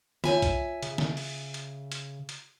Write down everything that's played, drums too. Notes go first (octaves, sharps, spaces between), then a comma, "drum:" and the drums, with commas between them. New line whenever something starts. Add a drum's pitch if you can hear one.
F4 C#5 E5 G#5, drum: snare
drum: kick, hi-hat
C#3, drum: hi-hat
drum: snare
drum: open hi-hat
drum: hi-hat
drum: hi-hat
drum: hi-hat